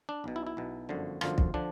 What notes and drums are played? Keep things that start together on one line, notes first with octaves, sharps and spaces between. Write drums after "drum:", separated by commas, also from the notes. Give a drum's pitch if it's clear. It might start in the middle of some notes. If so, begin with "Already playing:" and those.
D4
B1 B2
E4
E4
B1 B2
G1 F#2 D3 F3
G1 F#2 D3 F3 F4, drum: rim click
drum: kick
D3 F3 D4